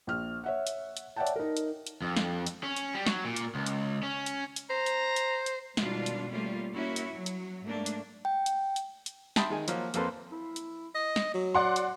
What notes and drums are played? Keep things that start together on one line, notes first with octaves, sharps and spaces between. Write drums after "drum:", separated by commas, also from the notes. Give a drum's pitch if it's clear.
A#1 F6
C#5 E5 F#5
drum: hi-hat
drum: hi-hat
C#5 D5 E5 F#5 G5 A5
drum: hi-hat
D#4 A#4
drum: hi-hat
drum: hi-hat
F2
drum: snare
drum: hi-hat
C#4
drum: hi-hat
G3
F#3, drum: snare
A#2
drum: hi-hat
C#2
drum: hi-hat
C#4
drum: hi-hat
drum: hi-hat
C5 A#5
drum: hi-hat
drum: hi-hat
drum: hi-hat
B2 D#3 G3 G#3 D4 F4, drum: snare
drum: hi-hat
G3 A3 A#3 C#4 F4
A#3 C#4 E4 F#4
drum: hi-hat
F#3
drum: hi-hat
G#2 A3 A#3 D4
drum: hi-hat
G5
drum: hi-hat
drum: hi-hat
drum: hi-hat
E5 G5 A5 B5 C6 D#6, drum: snare
D#3 G#3 G#5
F3 F#3 A#3, drum: hi-hat
F2 A#3 C4 A4 B4 C6, drum: hi-hat
E4
drum: hi-hat
D#5
drum: snare
F#3
D5 F#5 C6
drum: hi-hat